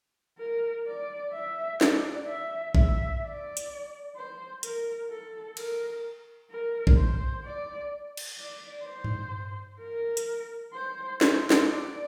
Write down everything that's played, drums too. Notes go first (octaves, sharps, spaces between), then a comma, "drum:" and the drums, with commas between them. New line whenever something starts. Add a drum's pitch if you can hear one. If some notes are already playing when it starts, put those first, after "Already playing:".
A#4
D5
E5
D5, drum: snare
E5
E5, drum: kick
D5
drum: hi-hat
C5
A#4, drum: hi-hat
A4
A#4, drum: cymbal
A#4
drum: kick
C5
D5
drum: cymbal
D5
C5
drum: tom G2
A#4
drum: hi-hat
C5
C5, drum: snare
drum: snare
D5